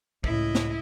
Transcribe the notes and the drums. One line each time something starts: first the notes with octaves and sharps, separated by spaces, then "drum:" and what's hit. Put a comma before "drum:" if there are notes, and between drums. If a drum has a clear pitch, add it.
C#2 A2 E4 D#5, drum: kick
drum: snare